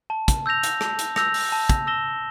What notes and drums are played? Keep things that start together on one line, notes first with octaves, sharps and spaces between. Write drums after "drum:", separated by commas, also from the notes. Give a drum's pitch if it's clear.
A5
drum: kick, hi-hat
E6 G6 A#6 F7
drum: hi-hat
A5, drum: rim click
drum: hi-hat
E6 G6 A#6 F7, drum: rim click
drum: open hi-hat
A5
drum: kick, hi-hat
E6 A#6 E7 G7